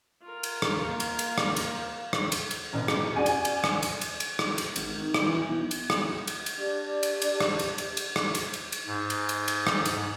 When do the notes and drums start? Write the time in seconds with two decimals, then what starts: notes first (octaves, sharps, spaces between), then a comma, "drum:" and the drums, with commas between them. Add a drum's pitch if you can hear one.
0.22 F4 A#4
0.43 drum: cymbal
0.62 drum: rim click
0.87 A#3
1.00 drum: cymbal
1.19 drum: cymbal
1.38 drum: rim click
1.56 drum: cymbal
2.13 drum: rim click
2.32 drum: cymbal
2.51 drum: cymbal
2.73 A1 F#2 B2
2.88 drum: rim click
3.16 C#3 F#4 D5 G#5
3.26 drum: cymbal
3.45 drum: cymbal
3.64 drum: rim click
3.83 drum: cymbal
4.01 drum: cymbal
4.20 drum: cymbal
4.39 drum: rim click
4.58 drum: cymbal
4.76 G#1, drum: cymbal
4.96 D#3
5.14 drum: rim click
5.27 E3
5.48 B1
5.71 drum: cymbal
5.90 drum: rim click
6.27 drum: cymbal
6.46 drum: cymbal
6.58 D4 G4 D5
7.03 drum: cymbal
7.22 drum: cymbal
7.41 drum: rim click
7.59 drum: cymbal
7.78 drum: cymbal
7.97 drum: cymbal
8.16 drum: rim click
8.35 drum: cymbal
8.54 drum: cymbal
8.72 drum: cymbal
8.86 G#2
9.10 drum: cymbal
9.29 drum: cymbal
9.48 drum: cymbal
9.67 drum: rim click
9.85 drum: cymbal